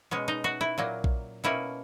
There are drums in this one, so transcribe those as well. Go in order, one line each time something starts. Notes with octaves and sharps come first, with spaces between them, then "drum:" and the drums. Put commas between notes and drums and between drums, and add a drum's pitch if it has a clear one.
B2 G#3 C#4
D#4
F#4
E4
A#2 F#3 A#3
drum: kick A#1
B2 A#3 C#4 E4